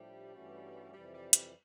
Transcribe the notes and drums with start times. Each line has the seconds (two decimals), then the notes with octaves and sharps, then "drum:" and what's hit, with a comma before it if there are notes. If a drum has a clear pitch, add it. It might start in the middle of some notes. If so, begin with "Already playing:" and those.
Already playing: A2 F3 G3 A3 D4 G4
0.33 G2 E3 A3 C#4 F#4
0.93 F2 C3 E3 G3
1.14 G3
1.33 G3, drum: hi-hat